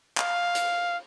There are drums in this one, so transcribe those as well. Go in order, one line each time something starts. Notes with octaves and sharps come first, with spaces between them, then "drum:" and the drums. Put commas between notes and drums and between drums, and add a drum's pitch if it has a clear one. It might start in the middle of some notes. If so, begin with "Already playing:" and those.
F5, drum: clap
drum: hi-hat